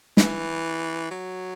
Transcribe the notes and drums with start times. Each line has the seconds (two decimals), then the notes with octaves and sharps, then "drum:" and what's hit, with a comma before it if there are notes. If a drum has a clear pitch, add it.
0.17 E3, drum: snare
1.11 F#3